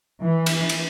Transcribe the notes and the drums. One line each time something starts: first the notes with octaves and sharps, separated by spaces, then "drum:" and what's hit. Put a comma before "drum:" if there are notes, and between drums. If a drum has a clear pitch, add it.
E3
drum: cymbal
drum: cymbal